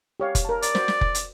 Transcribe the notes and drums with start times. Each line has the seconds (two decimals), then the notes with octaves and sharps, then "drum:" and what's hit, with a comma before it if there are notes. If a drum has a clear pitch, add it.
0.20 G4 C#5 F5
0.35 drum: kick F1, hi-hat
0.45 A#4 A5
0.62 D5, drum: hi-hat
0.75 F#4 C5, drum: snare
0.88 drum: snare
1.01 drum: kick F1
1.15 drum: hi-hat